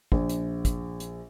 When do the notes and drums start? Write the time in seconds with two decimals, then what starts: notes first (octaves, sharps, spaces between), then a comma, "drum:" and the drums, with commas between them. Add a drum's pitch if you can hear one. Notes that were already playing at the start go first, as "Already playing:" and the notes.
0.12 A#1, drum: kick
0.29 drum: hi-hat
0.65 drum: kick, hi-hat
1.00 drum: hi-hat